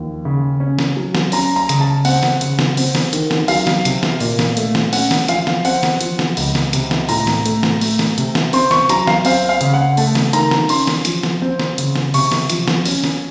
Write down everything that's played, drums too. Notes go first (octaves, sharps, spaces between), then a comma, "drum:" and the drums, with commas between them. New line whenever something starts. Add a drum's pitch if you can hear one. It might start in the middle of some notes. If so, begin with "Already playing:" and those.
Already playing: D#2 F3
C#3
C#4
drum: snare
F#3
drum: snare
C#4 A#5, drum: open hi-hat
A#5
C#3, drum: hi-hat
A5
C4 F#5, drum: open hi-hat
drum: snare
C#3, drum: hi-hat
drum: snare
C4, drum: open hi-hat
drum: snare
D#3, drum: hi-hat
drum: snare
F#3 F5, drum: open hi-hat
drum: snare
C3, drum: hi-hat
drum: snare
A#2, drum: open hi-hat
drum: snare
A3, drum: hi-hat
drum: snare
C#4 F#5, drum: open hi-hat
drum: snare
F3 F5, drum: hi-hat
drum: snare
C4 F#5, drum: open hi-hat
drum: snare
F3, drum: hi-hat
drum: snare
C#2, drum: open hi-hat
drum: snare
C3, drum: hi-hat
drum: snare
A2 A#5, drum: open hi-hat
drum: snare
A3, drum: hi-hat
drum: snare
A3, drum: open hi-hat
drum: snare
C3, drum: hi-hat
drum: snare
C4 C6, drum: open hi-hat
C#6, drum: snare
F#3 A#5, drum: hi-hat
F5, drum: snare
C4 F5, drum: open hi-hat
F5
C#3, drum: hi-hat
F#5
A3 A5, drum: open hi-hat
drum: snare
D#3 A#5, drum: hi-hat
drum: snare
C#4 C6, drum: open hi-hat
drum: snare
F3, drum: hi-hat
drum: snare
C4
drum: snare
C#3, drum: hi-hat
drum: snare
C3 C#6, drum: open hi-hat
drum: snare
F3, drum: hi-hat
drum: snare
C#4, drum: open hi-hat
drum: snare